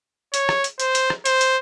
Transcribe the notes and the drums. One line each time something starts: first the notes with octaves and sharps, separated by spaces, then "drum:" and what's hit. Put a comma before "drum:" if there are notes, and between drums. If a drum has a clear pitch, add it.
C#5, drum: hi-hat
drum: rim click
drum: hi-hat
C5, drum: hi-hat
drum: hi-hat
drum: rim click
C5, drum: hi-hat
drum: hi-hat